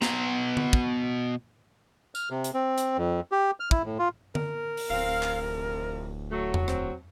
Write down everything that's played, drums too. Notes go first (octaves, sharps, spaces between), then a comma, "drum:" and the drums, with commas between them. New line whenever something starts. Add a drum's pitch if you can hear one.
B2 A#5, drum: snare
drum: tom D3
drum: kick
F6, drum: tambourine
C3
drum: hi-hat
C4
drum: hi-hat
F2
G4
F6
E4, drum: kick
A2
F4
A#4, drum: tom D3
drum: open hi-hat
D1 C4 F5
drum: clap
F2 C3
F#3 A3
drum: tom E2
C4, drum: rim click